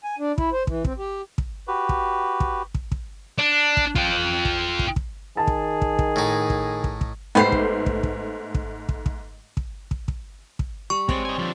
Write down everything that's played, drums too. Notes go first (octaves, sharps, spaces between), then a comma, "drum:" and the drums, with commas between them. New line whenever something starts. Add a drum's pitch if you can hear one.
G#5
D4
E4, drum: kick
C5
E3, drum: kick
C4, drum: kick
G4
drum: kick
F#4 G4 B4
drum: kick
drum: kick
drum: kick
drum: kick
D4
drum: kick
F4 G5, drum: kick
drum: kick
drum: kick
drum: kick
D#3 G#4 A5
drum: kick
drum: kick
drum: kick
A2 D#4
drum: kick
drum: kick
drum: kick
G#2 A3 B3 G4 C5 C7
drum: kick
drum: kick
drum: kick
drum: kick
drum: kick
drum: kick
drum: kick
drum: kick
drum: kick
drum: kick
G3 C#6
G#3 C4 C#5 D5, drum: kick
D#4 G#5
D3 F3